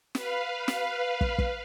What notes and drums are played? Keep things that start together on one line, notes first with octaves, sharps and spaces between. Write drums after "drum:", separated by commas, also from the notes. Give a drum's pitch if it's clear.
B4 F5, drum: snare
drum: snare
drum: kick
drum: kick